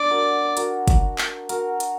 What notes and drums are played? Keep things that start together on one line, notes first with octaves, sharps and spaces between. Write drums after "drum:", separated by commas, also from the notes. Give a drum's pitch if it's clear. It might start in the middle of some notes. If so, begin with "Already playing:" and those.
Already playing: D4 D5
F#4 A#4
F#4 A#4, drum: hi-hat
drum: kick, hi-hat
drum: clap
F#4 A#4, drum: hi-hat
drum: hi-hat